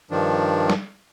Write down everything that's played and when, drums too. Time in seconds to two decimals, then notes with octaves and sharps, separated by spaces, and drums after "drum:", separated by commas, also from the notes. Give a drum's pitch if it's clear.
0.11 G2 D#3 F3 D4
0.70 drum: snare